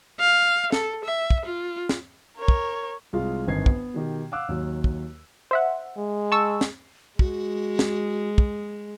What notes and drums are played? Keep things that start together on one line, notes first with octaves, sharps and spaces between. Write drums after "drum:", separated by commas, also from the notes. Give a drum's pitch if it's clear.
F5
A4, drum: snare
E5
drum: kick
F4
drum: snare
A#4 C#5
drum: kick
C2 G#3 F4 F5
G1 F2 D#3 G#6 C7
B3, drum: kick
B2 D#3 G4
F5 F#5 D6 E6 F#6
D#2 F#3
drum: kick
C5 E5 F#5
G#3
A5 C#6 E6
drum: snare
G#3 F#4, drum: kick
drum: snare
drum: kick